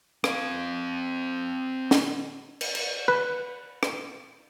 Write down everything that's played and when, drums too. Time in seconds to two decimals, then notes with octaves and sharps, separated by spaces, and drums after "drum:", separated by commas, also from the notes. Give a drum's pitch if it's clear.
0.24 C4 F5, drum: rim click
1.91 drum: snare
2.61 drum: cymbal
2.75 drum: cymbal
3.08 B4
3.83 drum: rim click